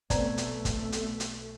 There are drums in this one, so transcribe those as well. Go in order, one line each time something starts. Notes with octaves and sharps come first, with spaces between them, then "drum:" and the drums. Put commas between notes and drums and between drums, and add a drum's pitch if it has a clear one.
B1 B2 A3 B3 C4 D5 A#5, drum: kick, hi-hat
drum: hi-hat
drum: kick, hi-hat
drum: hi-hat
drum: hi-hat